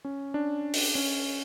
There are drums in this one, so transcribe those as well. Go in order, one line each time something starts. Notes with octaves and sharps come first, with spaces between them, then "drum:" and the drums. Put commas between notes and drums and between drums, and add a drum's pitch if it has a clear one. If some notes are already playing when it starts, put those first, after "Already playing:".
C#4
D4
drum: open hi-hat
C#4